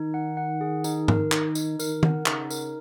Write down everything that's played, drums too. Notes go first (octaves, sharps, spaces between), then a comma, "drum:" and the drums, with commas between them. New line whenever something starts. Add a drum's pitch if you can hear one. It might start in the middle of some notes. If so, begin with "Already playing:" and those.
Already playing: D#3 D#4
F#5
F#5
G#4
D#4, drum: tambourine
A#4, drum: tom G#2
D#4, drum: clap
D#4, drum: tambourine
D#3 A#4, drum: tambourine
F#5, drum: tom D#3
C#3 D#4, drum: clap
A#4, drum: tambourine